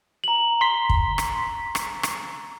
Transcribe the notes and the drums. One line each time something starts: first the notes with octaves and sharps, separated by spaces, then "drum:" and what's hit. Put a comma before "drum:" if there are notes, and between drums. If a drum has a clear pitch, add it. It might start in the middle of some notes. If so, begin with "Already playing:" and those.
A#5 F#7
C6 B6 G7
drum: kick
drum: rim click
drum: rim click
drum: rim click